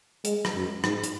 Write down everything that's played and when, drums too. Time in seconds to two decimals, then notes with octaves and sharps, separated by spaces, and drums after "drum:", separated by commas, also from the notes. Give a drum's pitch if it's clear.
0.25 G#3, drum: hi-hat
0.45 drum: rim click
0.54 F#2
0.84 G#2, drum: rim click
1.04 drum: hi-hat